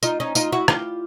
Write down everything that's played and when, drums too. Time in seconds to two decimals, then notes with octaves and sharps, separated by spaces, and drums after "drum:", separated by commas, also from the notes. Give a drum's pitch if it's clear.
0.03 D#4 F4, drum: tambourine
0.20 C#4 D#4
0.35 D#4 F4, drum: tambourine
0.52 E4 F#4
0.68 F4 G4, drum: rim click